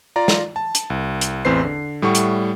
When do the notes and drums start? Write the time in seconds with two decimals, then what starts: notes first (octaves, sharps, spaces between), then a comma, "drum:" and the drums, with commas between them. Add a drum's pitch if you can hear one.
0.16 F4 D5 A#5
0.28 drum: snare
0.56 A5
0.75 drum: hi-hat
0.90 C2
1.21 drum: hi-hat
1.45 A1 E2 C4 B4 C5 C7
1.65 D3
2.02 A2 G3 A3 F#5 C#6
2.15 drum: hi-hat